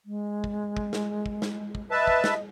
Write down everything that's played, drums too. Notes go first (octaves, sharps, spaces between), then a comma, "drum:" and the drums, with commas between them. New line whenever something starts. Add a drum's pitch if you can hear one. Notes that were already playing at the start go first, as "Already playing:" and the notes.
G#3
drum: kick
drum: kick
drum: snare
drum: kick
drum: snare
drum: kick
B4 D#5 E5 A5
drum: kick
drum: snare